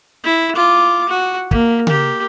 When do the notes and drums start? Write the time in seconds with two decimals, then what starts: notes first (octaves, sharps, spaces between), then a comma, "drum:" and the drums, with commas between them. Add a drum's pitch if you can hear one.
0.24 E4
0.55 F4 D6
1.09 F#4
1.51 A#3, drum: kick
1.87 G4 A#4, drum: tom C#3